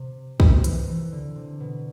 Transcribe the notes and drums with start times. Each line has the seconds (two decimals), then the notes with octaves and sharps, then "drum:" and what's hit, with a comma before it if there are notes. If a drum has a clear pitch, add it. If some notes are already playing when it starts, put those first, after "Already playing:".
Already playing: C3
0.40 C3, drum: kick
0.64 E3, drum: hi-hat
0.88 E3
1.12 D3
1.35 C3
1.60 B2